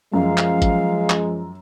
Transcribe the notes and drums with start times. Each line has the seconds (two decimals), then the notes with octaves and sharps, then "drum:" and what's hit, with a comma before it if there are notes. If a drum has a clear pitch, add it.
0.14 F#2 F3 G#3 F5
0.38 drum: clap
0.62 drum: kick G#1, hi-hat
1.10 drum: clap